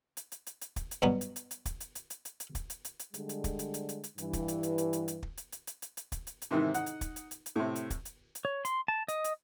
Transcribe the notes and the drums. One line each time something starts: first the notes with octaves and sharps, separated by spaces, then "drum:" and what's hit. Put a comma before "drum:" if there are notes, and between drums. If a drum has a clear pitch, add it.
drum: hi-hat
drum: hi-hat
drum: hi-hat
drum: hi-hat
drum: kick, hi-hat
drum: hi-hat
G2 B2 F#3 B3
drum: hi-hat
drum: hi-hat
drum: hi-hat
drum: kick, hi-hat
drum: hi-hat
drum: hi-hat
drum: hi-hat
drum: hi-hat
drum: hi-hat
drum: kick, hi-hat
drum: hi-hat
drum: hi-hat
drum: hi-hat
D3 G3 G#3, drum: hi-hat
drum: hi-hat
drum: kick, hi-hat
drum: hi-hat
drum: hi-hat
drum: hi-hat
drum: hi-hat
G2 E3, drum: hi-hat
drum: kick, hi-hat
drum: hi-hat
drum: hi-hat
drum: hi-hat
drum: hi-hat
drum: hi-hat
drum: kick
drum: hi-hat
drum: hi-hat
drum: hi-hat
drum: hi-hat
drum: hi-hat
drum: kick, hi-hat
drum: hi-hat
drum: hi-hat
G#2 C3 D#3 E3 E4
D#4 F#5, drum: hi-hat
drum: hi-hat
drum: kick, hi-hat
drum: hi-hat
drum: hi-hat
drum: hi-hat
A2 C3
drum: hi-hat
drum: kick, hi-hat
drum: hi-hat
drum: hi-hat
C#5
C6, drum: hi-hat
A5
D#5, drum: hi-hat
drum: hi-hat